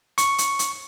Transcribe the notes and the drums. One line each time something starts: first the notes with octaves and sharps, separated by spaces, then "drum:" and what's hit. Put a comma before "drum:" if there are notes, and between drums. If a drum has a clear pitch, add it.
C#6, drum: hi-hat
drum: hi-hat
drum: hi-hat